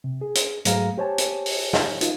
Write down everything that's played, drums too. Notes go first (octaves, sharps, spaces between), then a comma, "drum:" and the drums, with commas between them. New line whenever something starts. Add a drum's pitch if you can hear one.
C3
G#4
drum: hi-hat
G#2 F#3 A3 G#4 F5 A#5, drum: hi-hat
G4 C5 C#5 G#5 A5
drum: hi-hat
drum: open hi-hat
drum: snare
D#4 F4, drum: hi-hat